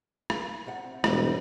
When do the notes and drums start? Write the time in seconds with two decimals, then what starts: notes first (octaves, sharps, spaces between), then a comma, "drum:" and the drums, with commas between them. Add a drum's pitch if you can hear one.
0.30 drum: rim click
0.66 C3 F#5
1.04 E1 G#2 G3 C4, drum: rim click